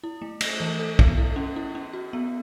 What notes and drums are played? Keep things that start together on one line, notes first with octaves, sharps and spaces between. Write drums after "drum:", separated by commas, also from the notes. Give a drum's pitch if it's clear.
E4
A3
A3, drum: cymbal
E3
A4
B3, drum: kick
E4
C#4
E4
C#4
F#4
B3